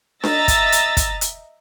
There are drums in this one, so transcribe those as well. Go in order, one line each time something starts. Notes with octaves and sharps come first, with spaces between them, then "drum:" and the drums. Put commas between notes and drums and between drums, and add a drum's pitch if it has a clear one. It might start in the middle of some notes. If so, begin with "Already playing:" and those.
D#5 E5 A#5 E6 A6 A#6, drum: snare D4
drum: kick, hi-hat
drum: hi-hat
drum: kick, hi-hat
drum: hi-hat